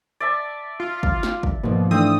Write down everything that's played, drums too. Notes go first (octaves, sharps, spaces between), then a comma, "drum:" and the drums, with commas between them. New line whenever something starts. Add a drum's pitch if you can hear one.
D5 E5 A5
F4
drum: kick
drum: snare
drum: kick
G#2 B2 F3 A#3
E3 A3 C4 D4 E5 D#6 E6